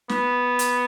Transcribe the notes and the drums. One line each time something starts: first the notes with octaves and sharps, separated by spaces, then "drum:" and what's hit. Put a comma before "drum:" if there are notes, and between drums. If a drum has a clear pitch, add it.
B3, drum: snare
drum: hi-hat